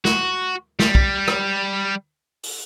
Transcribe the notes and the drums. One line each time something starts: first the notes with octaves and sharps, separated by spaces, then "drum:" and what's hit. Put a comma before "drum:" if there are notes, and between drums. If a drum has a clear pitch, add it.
F#4, drum: snare
G3, drum: snare
drum: kick
drum: rim click
drum: open hi-hat